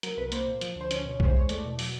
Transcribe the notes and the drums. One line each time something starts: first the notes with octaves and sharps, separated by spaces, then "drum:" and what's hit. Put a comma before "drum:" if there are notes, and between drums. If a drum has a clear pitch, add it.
F#3 A#4, drum: hi-hat
C2 B4
A#3 C5, drum: hi-hat
A#2
F3, drum: hi-hat
D2
C5
C#4 C#5, drum: hi-hat
B2
G#3 C5, drum: kick B1
E2 C#5
A3 D5, drum: hi-hat
B2
F#3, drum: open hi-hat